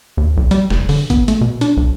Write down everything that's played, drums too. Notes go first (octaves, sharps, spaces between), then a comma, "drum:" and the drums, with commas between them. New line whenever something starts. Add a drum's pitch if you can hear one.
D#2
B1
G3, drum: hi-hat
F1, drum: snare
D3, drum: open hi-hat
B3, drum: kick G#1, hi-hat
A3, drum: hi-hat
B2
D4, drum: hi-hat
B1